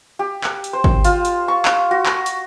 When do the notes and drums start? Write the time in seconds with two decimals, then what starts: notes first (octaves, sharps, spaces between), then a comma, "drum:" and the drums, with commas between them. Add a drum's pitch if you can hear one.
0.19 G4
0.44 drum: clap
0.64 drum: hi-hat
0.73 C5
0.84 drum: kick G#1
1.05 F4, drum: hi-hat
1.25 drum: hi-hat
1.48 C#6
1.65 drum: clap
1.91 F#4
2.06 drum: clap
2.26 drum: hi-hat